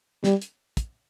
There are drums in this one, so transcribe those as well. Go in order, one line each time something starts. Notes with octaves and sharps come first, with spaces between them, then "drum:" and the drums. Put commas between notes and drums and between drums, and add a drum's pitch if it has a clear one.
G3, drum: snare
drum: hi-hat
drum: kick, hi-hat